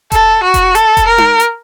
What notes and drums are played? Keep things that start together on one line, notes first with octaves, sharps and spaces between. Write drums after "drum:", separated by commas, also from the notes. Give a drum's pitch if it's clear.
A4, drum: kick F1, hi-hat
F#4
drum: kick F1, hi-hat
A4, drum: hi-hat
drum: kick F1, hi-hat
A#4
drum: tom D#4
drum: hi-hat